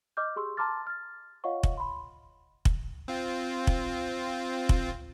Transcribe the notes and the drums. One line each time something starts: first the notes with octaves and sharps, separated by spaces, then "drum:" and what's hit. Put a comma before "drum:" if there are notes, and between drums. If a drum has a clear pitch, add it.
D#5 D6 F6 G6
G4 G#4 C6 C#6 E6
A5 A#5 C6 D6 F6 A6
F6 A6
F4 C#5 D#5 F5 F#5 C#6
drum: kick
B5 C6
drum: kick
C4 F4
drum: kick
drum: kick